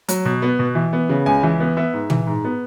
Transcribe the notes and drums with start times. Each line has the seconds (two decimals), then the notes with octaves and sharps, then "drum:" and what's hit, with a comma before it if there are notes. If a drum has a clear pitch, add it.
0.09 F#3, drum: hi-hat
0.25 B2
0.42 B3
0.59 B2
0.75 E3
0.93 B3
1.09 C#3
1.26 C#2 G#5
1.43 E3
1.60 B3
1.77 B3 E5
1.93 G#2
2.10 E3, drum: tom
2.27 G#2
2.44 B3